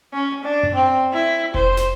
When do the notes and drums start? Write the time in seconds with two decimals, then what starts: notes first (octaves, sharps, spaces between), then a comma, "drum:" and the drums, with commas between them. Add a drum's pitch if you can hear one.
0.13 C#4
0.44 D4
0.63 drum: tom F#2
0.75 C4
1.13 E4
1.54 C5, drum: kick F1
1.77 drum: snare